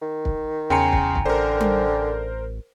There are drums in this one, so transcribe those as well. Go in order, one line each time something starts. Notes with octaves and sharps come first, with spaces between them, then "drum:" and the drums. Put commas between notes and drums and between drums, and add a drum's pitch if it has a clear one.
D#3
drum: kick
E2 C#3 G5 G#5 A#5 C6 C#7
drum: kick
drum: kick
A1 D3 A#4 C5
drum: tom G3